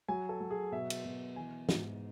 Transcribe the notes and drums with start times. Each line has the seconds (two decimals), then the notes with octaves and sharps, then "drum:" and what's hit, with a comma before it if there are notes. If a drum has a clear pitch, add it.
0.08 F#3 G#5
0.29 A4
0.41 F#3
0.51 G#4
0.72 B2 E5
0.90 drum: cymbal
1.05 B2
1.36 E3 G#5
1.69 G#2, drum: snare